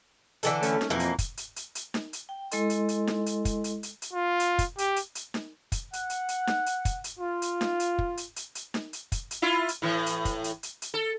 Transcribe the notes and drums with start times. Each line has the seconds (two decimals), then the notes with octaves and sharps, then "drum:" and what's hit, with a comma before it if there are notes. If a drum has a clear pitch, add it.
0.43 D3 E3 A4, drum: hi-hat
0.62 A3 C#4, drum: hi-hat
0.81 drum: snare D#4
0.90 F2 B2 E3 A#3
1.00 drum: hi-hat
1.19 drum: kick, hi-hat
1.37 drum: hi-hat
1.56 drum: hi-hat
1.75 drum: hi-hat
1.94 drum: snare D#4
2.13 drum: hi-hat
2.29 G5
2.51 G#3 E4 A4 D#5 C6, drum: hi-hat
2.70 drum: hi-hat
2.89 drum: hi-hat
3.07 drum: snare D#4
3.26 drum: hi-hat
3.45 drum: kick, hi-hat
3.64 drum: hi-hat
3.83 drum: hi-hat
4.02 drum: hi-hat
4.14 F4
4.40 drum: hi-hat
4.59 drum: kick, hi-hat
4.78 G4, drum: hi-hat
4.96 drum: hi-hat
5.15 drum: hi-hat
5.34 drum: snare D#4
5.72 drum: kick, hi-hat
5.93 F#5, drum: hi-hat
6.10 drum: hi-hat
6.29 drum: hi-hat
6.47 drum: snare D#4
6.66 drum: hi-hat
6.85 drum: kick, hi-hat
7.04 drum: hi-hat
7.20 F4
7.42 drum: hi-hat
7.61 drum: snare D#4
7.80 drum: hi-hat
7.99 drum: kick
8.17 drum: hi-hat
8.36 drum: hi-hat
8.55 drum: hi-hat
8.74 drum: snare D#4
8.93 drum: hi-hat
9.12 drum: kick, hi-hat
9.31 drum: hi-hat
9.42 E4 F4
9.69 drum: hi-hat
9.82 A2 E3
10.06 drum: hi-hat
10.25 drum: kick, hi-hat
10.44 drum: hi-hat
10.63 drum: hi-hat
10.82 drum: hi-hat
10.94 A4